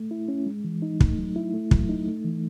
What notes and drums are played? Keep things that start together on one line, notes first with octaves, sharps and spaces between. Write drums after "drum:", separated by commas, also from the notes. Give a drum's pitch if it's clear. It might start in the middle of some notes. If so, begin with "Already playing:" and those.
Already playing: A3
E4
C#4
G#3
E3
D#4
A3, drum: kick
F#3
E4
A3
F#3, drum: kick
D#4
A3
E3